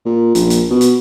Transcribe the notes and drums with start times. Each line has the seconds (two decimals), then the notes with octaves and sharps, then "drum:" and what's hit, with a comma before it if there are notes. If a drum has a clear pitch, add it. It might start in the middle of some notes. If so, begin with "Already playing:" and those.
0.06 A#2
0.35 A#1, drum: hi-hat
0.50 drum: hi-hat
0.71 B2
0.81 drum: hi-hat